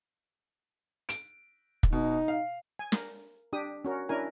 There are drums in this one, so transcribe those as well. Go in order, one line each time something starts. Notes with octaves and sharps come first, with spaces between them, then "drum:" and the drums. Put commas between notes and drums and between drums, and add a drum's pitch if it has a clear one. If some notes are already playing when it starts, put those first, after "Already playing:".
D7, drum: hi-hat
drum: kick
B2 D#4
F5
G#5
A#4, drum: snare
D4 G4 D#6
C#4 F#4 A#4
C#4 D4 E4 A#4 G#5